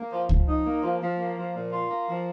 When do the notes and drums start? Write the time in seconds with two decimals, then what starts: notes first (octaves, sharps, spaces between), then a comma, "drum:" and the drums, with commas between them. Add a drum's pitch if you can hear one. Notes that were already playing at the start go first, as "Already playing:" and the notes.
Already playing: A#3
0.11 F3
0.29 F3, drum: kick C#2
0.47 D#4
0.64 A#3
0.82 F3
1.01 F3
1.18 A#3
1.36 F3
1.55 A#2
1.72 F4
1.89 A#3
2.08 F3